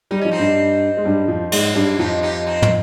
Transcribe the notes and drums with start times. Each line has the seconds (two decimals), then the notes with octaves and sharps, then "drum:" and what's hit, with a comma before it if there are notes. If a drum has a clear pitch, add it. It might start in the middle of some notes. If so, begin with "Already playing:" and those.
0.11 G3 D#4
0.21 F3 C#4
0.32 C4 D#4
0.38 G2 G3
0.97 G#3
1.05 G2 G3
1.28 F2 F3
1.52 G#2 G#3, drum: cymbal
1.75 G2 G3
1.99 F2 F3 D#4 G4
2.23 D#4 G4
2.47 C4 D#4
2.62 drum: tom